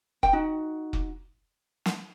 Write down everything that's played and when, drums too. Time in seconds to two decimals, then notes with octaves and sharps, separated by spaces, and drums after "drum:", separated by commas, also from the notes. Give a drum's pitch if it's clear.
0.23 G5, drum: kick
0.33 D#4 F#4
0.93 drum: kick
1.86 drum: snare